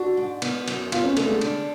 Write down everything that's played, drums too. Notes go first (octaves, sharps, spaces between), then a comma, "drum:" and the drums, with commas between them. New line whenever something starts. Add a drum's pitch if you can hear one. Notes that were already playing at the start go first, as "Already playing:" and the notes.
Already playing: D4 F#4
G#2
B3, drum: cymbal
F#2, drum: cymbal
B3 F4, drum: cymbal
C#4
D3 A3, drum: cymbal
G#3
D4, drum: cymbal